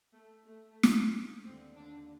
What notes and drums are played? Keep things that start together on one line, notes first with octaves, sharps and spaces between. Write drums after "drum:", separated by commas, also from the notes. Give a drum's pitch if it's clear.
A3
A3
drum: snare
D#2 D3 C4
D4